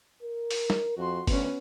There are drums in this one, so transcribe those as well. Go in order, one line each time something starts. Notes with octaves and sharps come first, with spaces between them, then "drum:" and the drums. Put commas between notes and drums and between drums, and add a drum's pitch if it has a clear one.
A#4
drum: open hi-hat
drum: snare
F2 F#4 C6
D2 B3 C#4, drum: kick G1, open hi-hat